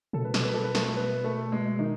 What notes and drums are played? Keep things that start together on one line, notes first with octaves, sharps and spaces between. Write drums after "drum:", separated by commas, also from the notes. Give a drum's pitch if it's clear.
B2 A4
B4
A4, drum: snare
B4
A4
B4
A3 A4, drum: snare
B3 B4
A3 A4
G#3 G#4
D#3 D#4